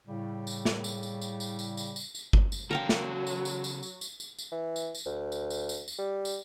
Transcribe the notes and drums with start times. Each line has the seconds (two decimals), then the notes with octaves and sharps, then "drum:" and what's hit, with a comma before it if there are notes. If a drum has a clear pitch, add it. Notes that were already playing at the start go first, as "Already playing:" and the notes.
0.07 A2 C#3 G3
0.47 drum: tambourine
0.65 drum: snare
0.84 drum: tambourine
1.03 drum: tambourine
1.21 drum: tambourine
1.40 drum: tambourine
1.59 drum: tambourine
1.77 drum: tambourine
1.96 drum: tambourine
2.15 drum: tambourine
2.33 drum: kick G1
2.52 drum: tambourine
2.71 C#3 F#3 A4 A#4 F5 G5
2.89 drum: snare
3.27 drum: tambourine
3.45 drum: tambourine
3.64 drum: tambourine
3.83 drum: tambourine
4.01 drum: tambourine
4.20 drum: tambourine
4.39 drum: tambourine
4.52 E3
4.76 drum: tambourine
4.94 drum: tambourine
5.06 D2
5.32 drum: tambourine
5.50 drum: tambourine
5.69 drum: tambourine
5.88 drum: tambourine
5.99 G3
6.25 drum: tambourine